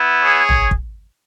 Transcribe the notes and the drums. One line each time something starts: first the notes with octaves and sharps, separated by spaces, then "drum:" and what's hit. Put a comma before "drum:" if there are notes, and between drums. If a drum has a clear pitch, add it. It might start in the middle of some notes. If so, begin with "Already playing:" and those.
Already playing: B3 E4
G#4 C#5
drum: tom
drum: kick